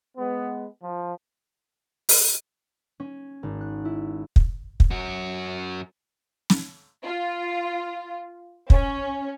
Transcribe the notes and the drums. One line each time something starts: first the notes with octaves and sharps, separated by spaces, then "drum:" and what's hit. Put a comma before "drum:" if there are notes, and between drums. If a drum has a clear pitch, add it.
G#3 B3
F3
drum: open hi-hat
C#4
G#1
F#6
E4
drum: kick
drum: kick
F#2 F#4
drum: snare
F4
C#4, drum: kick